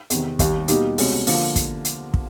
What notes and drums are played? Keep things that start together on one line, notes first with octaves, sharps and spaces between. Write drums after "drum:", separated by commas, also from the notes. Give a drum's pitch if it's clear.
E2 C3 D#3, drum: hi-hat
D#2 D#3 G3, drum: kick, hi-hat
B2 G3 A#3 D#4 G4, drum: hi-hat
C2 B2 G#3 C#4 F#4, drum: open hi-hat
D3 F3 A#3, drum: open hi-hat
drum: kick, hi-hat
drum: hi-hat
drum: kick